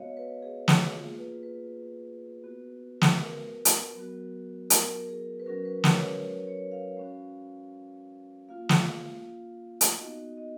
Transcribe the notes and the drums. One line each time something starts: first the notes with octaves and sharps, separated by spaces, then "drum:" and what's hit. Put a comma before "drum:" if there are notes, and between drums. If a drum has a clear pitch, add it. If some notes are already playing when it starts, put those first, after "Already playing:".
Already playing: G#3 B3 F#4 C#5 D#5 F5
B4
G#4
F#4, drum: snare
A#3 F4 G#4
B4
B4
B3 F#4
drum: snare
A#4
drum: hi-hat
F#3 B3 F#4
A#4, drum: hi-hat
G#4
B4
F#3 C#4 F#4 A#4
B4
C#5, drum: snare
B4
C#5
F5
G#3 C#4 F#4
A#3 F4 F5
drum: snare
drum: hi-hat
B3 D#4 F#4 D#5
D#5